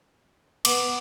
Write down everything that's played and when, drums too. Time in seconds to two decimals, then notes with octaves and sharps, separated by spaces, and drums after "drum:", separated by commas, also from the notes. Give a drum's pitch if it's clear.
0.65 B3 D6, drum: cymbal